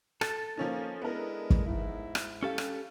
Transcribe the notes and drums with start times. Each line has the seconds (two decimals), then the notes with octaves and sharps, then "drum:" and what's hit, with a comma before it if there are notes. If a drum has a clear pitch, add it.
0.21 A4 A6, drum: rim click
0.57 F3 A#3 C#4 D#4
1.02 G#3 B3 D4 E4 A#4
1.50 drum: kick
1.66 G#2 E4
2.15 drum: rim click
2.43 G3 C#4 A4 F5
2.58 drum: rim click